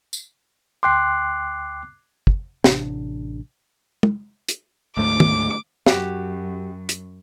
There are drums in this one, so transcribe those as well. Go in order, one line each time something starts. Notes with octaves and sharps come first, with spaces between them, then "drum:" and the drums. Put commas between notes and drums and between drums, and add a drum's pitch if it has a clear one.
drum: tambourine
D2 G5 C6 D6 F#6 C7
drum: kick
A1 C3 D4, drum: snare
drum: tom
drum: hi-hat
D2 G#2 A3 D6
drum: tom
F#2 F#4 G4, drum: snare
drum: hi-hat